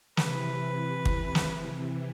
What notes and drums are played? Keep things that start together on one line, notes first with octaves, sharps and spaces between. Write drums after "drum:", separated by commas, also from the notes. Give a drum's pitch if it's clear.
C3 E3 B4, drum: snare
drum: kick
drum: snare